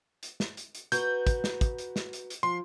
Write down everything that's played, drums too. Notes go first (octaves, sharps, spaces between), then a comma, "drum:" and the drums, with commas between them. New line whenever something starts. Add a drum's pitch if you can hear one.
drum: hi-hat
drum: snare
drum: hi-hat
drum: hi-hat
F#4 B4 A#5 G6, drum: hi-hat
drum: kick, hi-hat
drum: snare
drum: kick, hi-hat
drum: hi-hat
drum: snare
drum: hi-hat
drum: hi-hat
F3 C6